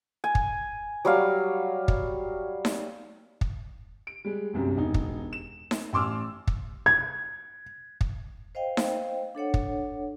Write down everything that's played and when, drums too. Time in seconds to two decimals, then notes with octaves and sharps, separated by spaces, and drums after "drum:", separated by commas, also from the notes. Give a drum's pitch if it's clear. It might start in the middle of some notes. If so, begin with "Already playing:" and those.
0.24 G#5
0.35 drum: kick
1.05 F#3 G3 C#5 F5
1.88 drum: kick
2.65 drum: snare D#4
3.41 drum: kick
4.07 D7
4.25 G3 G#3
4.54 G1 C2 F#2 C3
4.77 E1 D#4
4.94 drum: kick
5.33 E7
5.71 drum: snare D#4
5.93 A1 C6 D6 E6 F6
6.47 drum: kick
6.86 G#6
8.01 drum: kick
8.55 C5 D#5 F5 G5
8.77 drum: snare D#4
9.35 D4 A4 C#5 F#5
9.54 drum: kick